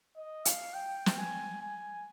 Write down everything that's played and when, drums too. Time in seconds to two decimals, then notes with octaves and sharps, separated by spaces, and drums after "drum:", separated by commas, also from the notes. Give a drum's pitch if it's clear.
0.17 D#5
0.45 F5, drum: hi-hat
0.74 G5
1.06 drum: snare
1.18 G#5
1.62 G#5